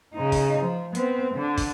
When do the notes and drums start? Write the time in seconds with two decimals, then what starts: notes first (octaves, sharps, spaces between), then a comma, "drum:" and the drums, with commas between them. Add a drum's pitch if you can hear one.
0.14 C#3 D#4
0.32 drum: kick, open hi-hat
0.60 F3
0.95 B3 C4, drum: hi-hat
1.33 D3
1.58 drum: kick, open hi-hat